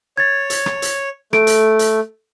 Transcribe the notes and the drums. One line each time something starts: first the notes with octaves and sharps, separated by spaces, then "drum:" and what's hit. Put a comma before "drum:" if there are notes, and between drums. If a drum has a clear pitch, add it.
C#5 G#6 A6
drum: hi-hat
drum: rim click
drum: hi-hat
A3 A4 D7, drum: rim click
drum: hi-hat
drum: hi-hat